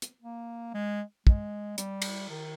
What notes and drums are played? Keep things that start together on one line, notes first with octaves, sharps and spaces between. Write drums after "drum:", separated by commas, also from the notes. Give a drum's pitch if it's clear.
drum: hi-hat
A#3
G#3
G#3, drum: kick
G3, drum: hi-hat
drum: cymbal
D#3